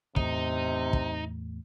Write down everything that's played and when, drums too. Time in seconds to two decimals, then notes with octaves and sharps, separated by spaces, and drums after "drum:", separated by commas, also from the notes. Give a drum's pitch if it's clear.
0.16 E2 A2 C3 D#4, drum: kick
0.93 drum: kick